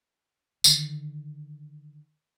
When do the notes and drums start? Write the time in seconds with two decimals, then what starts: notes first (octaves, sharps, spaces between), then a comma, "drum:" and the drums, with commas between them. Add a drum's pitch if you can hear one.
0.64 D3 D#3, drum: tambourine